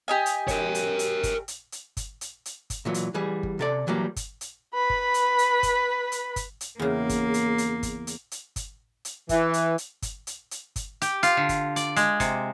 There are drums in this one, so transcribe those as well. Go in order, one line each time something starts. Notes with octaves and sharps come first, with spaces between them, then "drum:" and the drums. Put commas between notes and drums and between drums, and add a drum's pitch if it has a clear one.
G4 D#5 G#5
drum: hi-hat
A#4 C#5, drum: kick G1, hi-hat
drum: hi-hat
drum: hi-hat
drum: kick G1, hi-hat
drum: hi-hat
drum: hi-hat
drum: kick G1, hi-hat
drum: hi-hat
drum: hi-hat
drum: kick G1, hi-hat
A#2 E3 F#3
drum: hi-hat
E3 G3 G#4
drum: kick G1
C3 A4 D5
E3 F#3 G3 A#3
drum: kick G1, hi-hat
drum: hi-hat
B4 B5
drum: kick G1
drum: hi-hat
drum: hi-hat
drum: kick G1, hi-hat
drum: hi-hat
drum: kick G1, hi-hat
drum: hi-hat
E2 C#3 A#3
drum: kick G1, hi-hat
drum: hi-hat
drum: hi-hat
drum: kick G1, hi-hat
drum: hi-hat
drum: hi-hat
drum: kick G1, hi-hat
drum: hi-hat
E3, drum: kick G1, hi-hat
drum: hi-hat
drum: hi-hat
drum: kick G1, hi-hat
drum: hi-hat
drum: hi-hat
drum: kick G1, hi-hat
G4, drum: hi-hat
F4, drum: hi-hat
D3
drum: kick G1, hi-hat
D5, drum: hi-hat
G#3, drum: hi-hat
C3, drum: kick G1, hi-hat